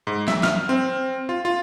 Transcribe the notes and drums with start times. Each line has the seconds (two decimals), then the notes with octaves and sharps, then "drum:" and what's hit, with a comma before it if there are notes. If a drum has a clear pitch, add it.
0.07 G#2
0.28 E5, drum: snare
0.43 F6, drum: snare
0.69 C4
1.29 F4
1.45 F4